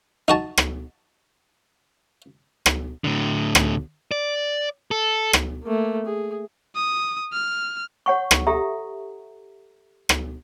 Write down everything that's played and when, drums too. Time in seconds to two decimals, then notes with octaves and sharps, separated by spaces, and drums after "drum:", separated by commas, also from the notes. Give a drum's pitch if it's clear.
0.28 D#4 F#4 A5
0.57 drum: rim click
2.66 drum: rim click
3.04 A2 D3
3.55 drum: rim click
4.11 D5
4.91 A4
5.33 drum: rim click
5.63 A3 A#3
6.06 G#4
6.75 D#6
7.33 F6
8.06 C#5 F#5 C#6
8.31 drum: rim click
8.47 G4 A4 E5 A#5
10.09 drum: rim click